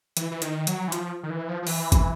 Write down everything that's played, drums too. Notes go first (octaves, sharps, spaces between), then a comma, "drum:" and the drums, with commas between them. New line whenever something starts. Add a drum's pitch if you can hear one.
E3, drum: hi-hat
E3
D#3, drum: hi-hat
F#3, drum: hi-hat
E3
F3, drum: hi-hat
D#3
E3
F3
F3
E3, drum: open hi-hat
drum: kick, hi-hat